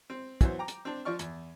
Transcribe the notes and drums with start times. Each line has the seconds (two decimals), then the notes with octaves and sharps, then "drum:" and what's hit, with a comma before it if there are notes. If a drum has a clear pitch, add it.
0.10 C4
0.41 E3 F#3 B3 C5, drum: kick, hi-hat
0.59 G5 A#5 D6
0.68 drum: hi-hat
0.85 C4 D4
1.05 F3 F4 D5 C#6 F6
1.19 E2, drum: hi-hat